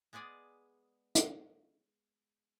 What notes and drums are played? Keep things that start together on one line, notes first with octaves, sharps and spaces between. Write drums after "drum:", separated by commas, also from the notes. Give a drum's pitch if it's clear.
G#3 B3 G#4 D5 G#5
drum: hi-hat